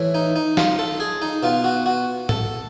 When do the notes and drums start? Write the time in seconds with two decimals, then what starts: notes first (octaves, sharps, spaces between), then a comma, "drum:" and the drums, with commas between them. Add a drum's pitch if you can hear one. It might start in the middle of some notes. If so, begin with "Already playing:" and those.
Already playing: A2 E3
0.15 D#4
0.36 D#4
0.57 F4, drum: snare
0.79 A4
1.00 G#4
1.22 D#4
1.43 B2 F4
1.64 F#4
1.86 F#4
2.29 A4, drum: tom A2